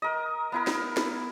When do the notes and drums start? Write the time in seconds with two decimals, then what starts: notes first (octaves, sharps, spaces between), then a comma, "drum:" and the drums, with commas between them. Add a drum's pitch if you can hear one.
0.02 A#4 D#5
0.52 B3 E4 A#4
0.67 drum: snare
0.97 drum: snare